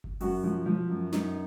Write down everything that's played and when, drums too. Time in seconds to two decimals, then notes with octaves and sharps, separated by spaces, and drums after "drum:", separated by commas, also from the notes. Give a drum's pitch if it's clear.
0.04 drum: kick G1
0.20 F#2 F#4, drum: open hi-hat
0.43 F3
0.66 F3
0.89 F#2
1.12 F#2 D#4, drum: snare